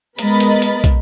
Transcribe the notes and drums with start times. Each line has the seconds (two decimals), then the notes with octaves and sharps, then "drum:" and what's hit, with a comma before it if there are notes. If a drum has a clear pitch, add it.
0.19 G#3 B3 A#4 D#5 B5 A6, drum: hi-hat
0.40 drum: hi-hat
0.62 drum: hi-hat
0.84 drum: kick, hi-hat